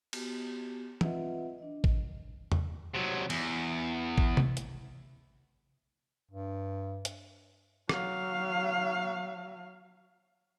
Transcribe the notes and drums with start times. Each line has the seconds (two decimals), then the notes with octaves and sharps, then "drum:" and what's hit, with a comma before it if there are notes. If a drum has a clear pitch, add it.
0.13 B3 F#4 G4, drum: cymbal
1.01 C4 F4 B4 D#5 E5 F#5, drum: tom E3
1.58 D4 D#5
1.84 drum: kick
2.52 drum: tom E2
2.95 C3 F#3
3.30 E2, drum: cymbal
4.18 drum: kick
4.37 drum: tom C3
4.57 drum: hi-hat
6.31 G2
7.05 drum: hi-hat
7.89 F#3 F5, drum: rim click